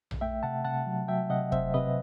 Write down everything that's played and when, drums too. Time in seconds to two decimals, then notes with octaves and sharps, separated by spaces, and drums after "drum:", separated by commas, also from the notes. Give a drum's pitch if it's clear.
0.11 drum: tom A#1
0.21 A3 E5 G5
0.43 C3 F#5 A5
0.64 C3 F#5 A5
0.86 F#3
1.08 F#3 E5 G5
1.30 C3 D#5 F#5
1.52 C3 C5 E5, drum: kick
1.74 C3 B4 D#5